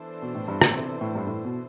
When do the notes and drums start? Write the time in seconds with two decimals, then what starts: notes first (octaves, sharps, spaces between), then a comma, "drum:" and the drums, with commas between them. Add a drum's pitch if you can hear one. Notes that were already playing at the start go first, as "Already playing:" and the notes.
Already playing: E3 B3 D4 A4 C5
0.22 B2
0.35 A2
0.48 G2
0.61 A2, drum: rim click
0.75 C3
1.01 A2
1.15 G2
1.27 A2
1.45 B2